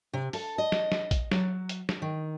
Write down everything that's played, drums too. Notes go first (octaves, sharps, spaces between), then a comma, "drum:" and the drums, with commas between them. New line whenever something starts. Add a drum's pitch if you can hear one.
C3
A4, drum: open hi-hat
D#5
drum: snare
drum: snare
drum: kick, hi-hat
F#3, drum: snare
drum: hi-hat
drum: snare
D#3